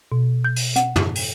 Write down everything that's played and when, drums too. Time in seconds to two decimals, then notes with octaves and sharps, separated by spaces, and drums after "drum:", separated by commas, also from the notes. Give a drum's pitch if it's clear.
0.12 B2
0.45 G6
0.56 drum: open hi-hat
0.76 F#5, drum: hi-hat
0.96 drum: tom
1.15 drum: open hi-hat